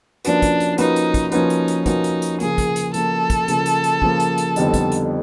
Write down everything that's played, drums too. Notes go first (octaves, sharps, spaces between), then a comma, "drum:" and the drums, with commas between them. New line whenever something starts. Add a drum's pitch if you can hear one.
F3 A#3 C#4 D4 F#4 B4, drum: hi-hat
drum: kick, hi-hat
drum: hi-hat
F3 A#3 C#4 D#4 F#4 B4, drum: hi-hat
drum: hi-hat
drum: kick, hi-hat
F3 A#3 C#4 D#4 F#4 B4, drum: hi-hat
drum: hi-hat
drum: hi-hat
F3 A#3 C#4 D#4 F#4 B4, drum: kick, hi-hat
drum: hi-hat
drum: hi-hat
C#3 F3 A#3 G#4, drum: hi-hat
drum: kick, hi-hat
drum: hi-hat
C#3 F3 A#3 A4, drum: hi-hat
drum: kick, hi-hat
C#3 F3 A#3, drum: hi-hat
drum: hi-hat
drum: hi-hat
C#3 F3 A#3, drum: kick
drum: hi-hat
drum: hi-hat
F2 D3 G3 B3 D#4, drum: hi-hat
drum: kick, hi-hat
drum: hi-hat